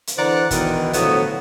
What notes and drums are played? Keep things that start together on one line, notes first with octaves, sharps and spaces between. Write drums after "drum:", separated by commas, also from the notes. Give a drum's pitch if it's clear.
drum: hi-hat
D3 E3 C5 D5 F#5 A#5
B2 D#3 E3, drum: kick, hi-hat
A2 D3 F3 F#3 B3, drum: hi-hat